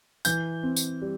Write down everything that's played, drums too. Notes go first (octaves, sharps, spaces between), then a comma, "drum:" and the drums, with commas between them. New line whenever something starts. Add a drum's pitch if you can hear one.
E3 G6, drum: tambourine
C4
drum: tambourine
G3